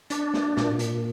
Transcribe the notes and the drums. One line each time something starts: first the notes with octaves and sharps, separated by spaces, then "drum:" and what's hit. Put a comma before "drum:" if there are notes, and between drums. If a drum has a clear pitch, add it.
D4, drum: hi-hat
drum: snare
A#2, drum: snare
drum: hi-hat